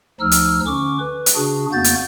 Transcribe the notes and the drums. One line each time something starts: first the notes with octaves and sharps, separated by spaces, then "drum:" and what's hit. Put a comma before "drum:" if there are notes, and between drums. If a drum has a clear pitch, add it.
D2 F3 D#4 E6 F6
drum: hi-hat
D3 C#4 C#6 D6
B4
drum: hi-hat
C#3 D4 F#4 G#4
F2 A#3 B3 F#4 G6 A6
drum: hi-hat